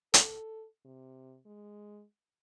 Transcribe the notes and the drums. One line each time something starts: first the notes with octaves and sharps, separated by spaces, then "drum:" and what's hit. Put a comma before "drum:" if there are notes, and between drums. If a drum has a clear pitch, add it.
A4, drum: hi-hat
C3
G#3